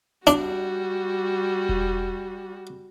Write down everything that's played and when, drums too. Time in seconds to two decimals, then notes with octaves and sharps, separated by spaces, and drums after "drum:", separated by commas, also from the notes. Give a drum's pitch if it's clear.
0.27 G3 D4 F#4, drum: hi-hat
1.69 drum: kick E1